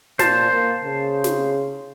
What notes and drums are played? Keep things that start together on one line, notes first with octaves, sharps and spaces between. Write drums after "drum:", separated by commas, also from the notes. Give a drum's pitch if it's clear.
A#2 C5 A5, drum: snare
A#3
C#3
drum: snare